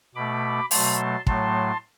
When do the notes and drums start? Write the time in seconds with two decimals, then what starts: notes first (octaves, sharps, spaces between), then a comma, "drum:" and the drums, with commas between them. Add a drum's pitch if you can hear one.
0.15 B2 A3 B5 D6
0.71 B2 F#3 A3 A5 C6, drum: open hi-hat
1.27 A2 F#3 A3 A5 C6, drum: kick